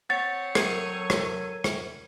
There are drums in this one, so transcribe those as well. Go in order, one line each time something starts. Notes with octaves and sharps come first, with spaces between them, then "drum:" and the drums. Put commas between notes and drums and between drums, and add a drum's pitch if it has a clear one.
C4 C#5 F#5 A6
F#3 A4 A#4 G#6 D#7, drum: rim click
drum: rim click
drum: rim click